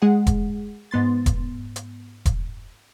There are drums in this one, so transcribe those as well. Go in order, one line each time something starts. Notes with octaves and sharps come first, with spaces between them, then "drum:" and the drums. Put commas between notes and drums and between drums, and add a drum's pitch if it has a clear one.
G#3 G#4 F#5
drum: kick E1, hi-hat
G#2 B3 C6 A6
drum: kick E1, hi-hat
drum: hi-hat
drum: kick E1, hi-hat